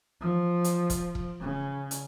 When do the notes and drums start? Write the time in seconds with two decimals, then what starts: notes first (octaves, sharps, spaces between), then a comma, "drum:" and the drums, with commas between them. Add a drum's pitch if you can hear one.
0.21 F3
0.64 drum: hi-hat
0.90 drum: kick E1, hi-hat
1.15 drum: kick E1
1.40 C#3
1.91 drum: hi-hat